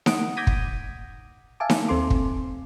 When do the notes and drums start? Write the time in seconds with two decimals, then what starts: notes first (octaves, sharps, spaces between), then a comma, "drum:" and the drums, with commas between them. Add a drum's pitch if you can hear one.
0.06 F#5 D#6 D7, drum: snare D#4
0.37 D6 G6 G#6 A#6 B6 D#7
0.47 drum: kick
1.60 E5 F5 G#5 A5 D6
1.70 drum: snare D#4
1.88 D#2 C4 A4 C6 D6
2.10 drum: kick